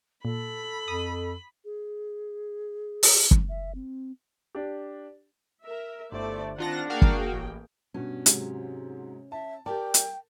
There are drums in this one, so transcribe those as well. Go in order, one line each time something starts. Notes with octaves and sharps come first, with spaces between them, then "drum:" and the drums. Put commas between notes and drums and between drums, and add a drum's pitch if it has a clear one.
A#2 A4 B5
F2 D#6
G#4
drum: open hi-hat
drum: kick
E5
C4
D4 G4
A#4 E5
G1 A3 E4 C5 D5
D#3 C4 D4 F4 F#5 A5 A#6
A#3 F#4 G#4 A#4 F5 G5
drum: kick
A1
G2 B2 C#4
G#2 C3 F#3, drum: hi-hat
E5 A5
G4 A#4 D5 G5 A5
drum: hi-hat